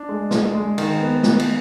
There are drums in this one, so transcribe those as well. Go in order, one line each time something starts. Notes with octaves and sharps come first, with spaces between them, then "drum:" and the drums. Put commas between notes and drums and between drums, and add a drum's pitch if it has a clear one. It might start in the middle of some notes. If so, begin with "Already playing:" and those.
Already playing: D4
G#3
G#3, drum: snare
G#3
D#3, drum: cymbal
B3
B3, drum: snare
drum: cymbal